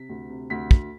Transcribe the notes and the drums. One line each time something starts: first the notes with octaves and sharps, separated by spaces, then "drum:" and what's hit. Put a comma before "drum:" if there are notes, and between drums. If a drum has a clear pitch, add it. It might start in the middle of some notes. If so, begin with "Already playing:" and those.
Already playing: C3 B6
D2
C3
D2 B6
D2, drum: kick